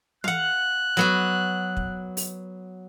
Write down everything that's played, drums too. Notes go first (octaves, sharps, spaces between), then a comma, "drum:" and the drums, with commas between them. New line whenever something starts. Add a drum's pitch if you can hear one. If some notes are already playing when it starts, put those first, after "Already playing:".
F5 F#5 F#6, drum: tom
F#3 B3 F#4
drum: kick
drum: open hi-hat